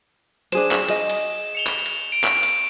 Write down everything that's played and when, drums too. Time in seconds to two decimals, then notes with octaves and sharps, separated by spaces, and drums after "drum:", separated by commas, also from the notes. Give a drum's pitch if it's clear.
0.52 D4 G#4 C5 E7, drum: cymbal
0.71 drum: clap
0.88 G#4 D#5, drum: cymbal
1.10 drum: cymbal
1.55 C#7 F7 G7
1.67 drum: clap
1.86 drum: cymbal
2.12 D7
2.24 drum: clap
2.43 drum: cymbal